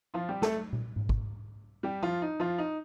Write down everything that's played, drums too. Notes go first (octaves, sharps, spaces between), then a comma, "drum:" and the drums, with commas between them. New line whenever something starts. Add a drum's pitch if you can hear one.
F3 F4
G3 G4
A3 A4, drum: snare
drum: tom A#2
drum: tom G#2
drum: kick
G3 G4
F3 F4
D#4
F3 F4
D#4